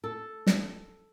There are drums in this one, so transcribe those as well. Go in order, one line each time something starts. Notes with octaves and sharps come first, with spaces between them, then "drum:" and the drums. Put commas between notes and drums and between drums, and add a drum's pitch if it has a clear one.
A4
drum: snare